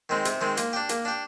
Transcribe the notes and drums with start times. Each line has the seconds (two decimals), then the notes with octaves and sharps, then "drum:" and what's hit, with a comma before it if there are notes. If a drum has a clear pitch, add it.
0.09 D#3 G#3 C4
0.25 C3, drum: hi-hat
0.41 D#3 G#3 C4
0.57 A#3, drum: hi-hat
0.73 D4 G4
0.89 A#3, drum: hi-hat
1.05 D4 G4